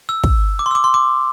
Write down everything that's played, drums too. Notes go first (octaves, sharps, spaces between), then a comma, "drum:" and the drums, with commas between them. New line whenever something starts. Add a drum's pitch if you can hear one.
E6
drum: kick
D6
C6
E6
D6
C6
D6